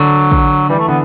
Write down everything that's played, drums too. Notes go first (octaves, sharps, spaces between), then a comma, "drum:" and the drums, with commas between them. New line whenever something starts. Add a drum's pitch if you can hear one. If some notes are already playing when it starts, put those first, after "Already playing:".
Already playing: D3 F#3
drum: kick
E3 G3
A3
D3 B3